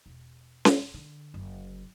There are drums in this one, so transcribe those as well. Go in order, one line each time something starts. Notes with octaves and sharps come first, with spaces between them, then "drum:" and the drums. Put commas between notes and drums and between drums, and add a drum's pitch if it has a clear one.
E1
drum: snare C#4
D3
F#1